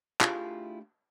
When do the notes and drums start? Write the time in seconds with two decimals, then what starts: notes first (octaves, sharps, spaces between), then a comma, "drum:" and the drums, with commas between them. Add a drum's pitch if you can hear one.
0.21 A3 D4 E4 F4 G4 G#4, drum: clap